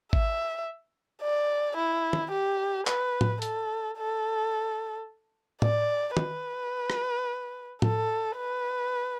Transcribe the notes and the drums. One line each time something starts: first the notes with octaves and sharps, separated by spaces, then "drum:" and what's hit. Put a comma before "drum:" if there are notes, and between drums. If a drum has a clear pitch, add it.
E5, drum: kick G#1
D5
E4
drum: tom
G4
B4, drum: clap
drum: tom A2
A4, drum: hi-hat
A4
D5, drum: tom A2
B4, drum: tom
drum: rim click
A4, drum: tom A2
B4